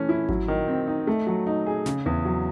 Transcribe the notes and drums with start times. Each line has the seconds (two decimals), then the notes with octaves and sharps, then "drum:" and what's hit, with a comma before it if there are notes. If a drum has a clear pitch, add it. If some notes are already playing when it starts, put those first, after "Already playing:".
Already playing: E3 A3 C#4
0.09 E4
0.29 F#3, drum: kick G#1
0.48 D#3
0.68 C4
0.87 D#4
1.07 A3
1.27 F#3
1.46 D#4
1.66 G#4
1.86 C#3, drum: snare
2.06 E2
2.25 F#3